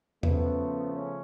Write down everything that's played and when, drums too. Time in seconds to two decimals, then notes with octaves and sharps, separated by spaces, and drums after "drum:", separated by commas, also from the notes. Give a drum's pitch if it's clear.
0.23 C#3 F3 A3 B3, drum: tom E2
0.92 C#4